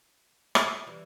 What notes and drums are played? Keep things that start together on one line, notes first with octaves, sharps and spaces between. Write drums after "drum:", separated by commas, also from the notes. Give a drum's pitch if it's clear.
drum: rim click
E3 G3